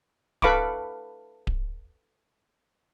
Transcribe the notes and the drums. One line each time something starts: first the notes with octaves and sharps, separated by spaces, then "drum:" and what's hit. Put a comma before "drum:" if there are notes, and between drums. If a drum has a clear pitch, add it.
A4 B4 F5 B5 C#6 D6, drum: kick D1
drum: kick D1